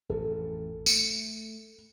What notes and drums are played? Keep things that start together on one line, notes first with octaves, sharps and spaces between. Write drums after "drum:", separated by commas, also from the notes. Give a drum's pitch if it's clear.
A1 F2 A#2 A4
A3, drum: tambourine